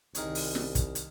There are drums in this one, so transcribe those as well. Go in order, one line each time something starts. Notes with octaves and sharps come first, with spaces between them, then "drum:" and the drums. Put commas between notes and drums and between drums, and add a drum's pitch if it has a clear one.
C2 D#3 G#4 C#5, drum: hi-hat
drum: open hi-hat
drum: snare
drum: kick, hi-hat
drum: hi-hat